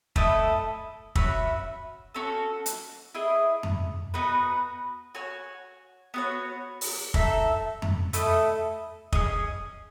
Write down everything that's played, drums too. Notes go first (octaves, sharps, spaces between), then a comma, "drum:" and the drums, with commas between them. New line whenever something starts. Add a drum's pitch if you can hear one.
A3 E4 A4 D#5, drum: kick
C#4 F#4 B4 E5, drum: kick
C#4 F#4 A4
drum: hi-hat
E4 G#4 D#5
drum: tom F2
B3 D#4 F#4 B4
F#4 C#5 G#5
B3 F#4 C#5
drum: open hi-hat
D#4 A4 E5, drum: kick
drum: tom F2
A3 E4 A4 D#5, drum: hi-hat
C#4 G#4 D#5, drum: kick